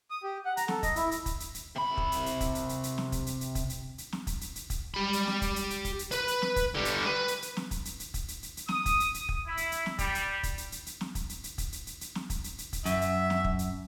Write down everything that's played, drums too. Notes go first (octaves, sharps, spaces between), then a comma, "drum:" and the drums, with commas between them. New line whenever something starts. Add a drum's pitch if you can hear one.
D#6
G4
F#5
A#5, drum: hi-hat
A4, drum: snare
D#5, drum: kick, hi-hat
E4, drum: hi-hat
drum: hi-hat
drum: kick, hi-hat
drum: hi-hat
drum: hi-hat
C3 B5
drum: kick
drum: hi-hat
drum: hi-hat
drum: kick, hi-hat
drum: hi-hat
drum: hi-hat
drum: hi-hat
drum: snare
drum: kick, hi-hat
drum: hi-hat
drum: hi-hat
drum: kick, hi-hat
drum: hi-hat
drum: hi-hat
drum: snare
drum: kick, hi-hat
drum: hi-hat
drum: hi-hat
drum: kick, hi-hat
G4 B5
drum: hi-hat
drum: snare
drum: kick, hi-hat
drum: hi-hat
drum: hi-hat
drum: kick, hi-hat
drum: hi-hat
B4 B5, drum: hi-hat
drum: hi-hat
drum: snare
drum: kick, hi-hat
D3 G3
drum: hi-hat
B4
drum: hi-hat
drum: hi-hat
drum: snare
drum: kick, hi-hat
drum: hi-hat
drum: hi-hat
drum: kick, hi-hat
drum: hi-hat
drum: hi-hat
drum: hi-hat
D#6, drum: snare
drum: kick, hi-hat
drum: hi-hat
drum: hi-hat
drum: kick
E4
drum: hi-hat
drum: hi-hat
drum: snare
G3, drum: kick, hi-hat
drum: hi-hat
drum: kick, hi-hat
drum: hi-hat
drum: hi-hat
drum: hi-hat
drum: snare
drum: kick, hi-hat
drum: hi-hat
drum: hi-hat
drum: kick, hi-hat
drum: hi-hat
drum: hi-hat
drum: hi-hat
drum: snare
drum: kick, hi-hat
drum: hi-hat
drum: hi-hat
drum: kick, hi-hat
F#2 E5, drum: hi-hat
drum: hi-hat
drum: snare
drum: kick
drum: hi-hat